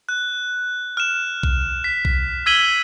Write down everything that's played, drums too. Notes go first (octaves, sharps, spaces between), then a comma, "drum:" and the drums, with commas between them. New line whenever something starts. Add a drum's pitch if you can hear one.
F#6
F6 E7
drum: kick B1
B6
drum: kick B1
E6 G#6 B6 D#7 F#7 G7